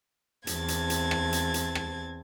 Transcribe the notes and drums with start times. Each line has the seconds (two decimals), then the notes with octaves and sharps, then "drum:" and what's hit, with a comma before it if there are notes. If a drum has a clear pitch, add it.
0.47 E2 C4 A5 G#6 A6, drum: hi-hat
0.68 drum: hi-hat
0.90 drum: hi-hat
1.11 drum: rim click
1.33 drum: hi-hat
1.54 drum: hi-hat
1.75 drum: rim click